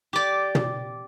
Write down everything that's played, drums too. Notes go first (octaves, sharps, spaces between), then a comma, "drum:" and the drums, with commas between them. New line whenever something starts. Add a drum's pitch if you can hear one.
G4 D5
drum: tom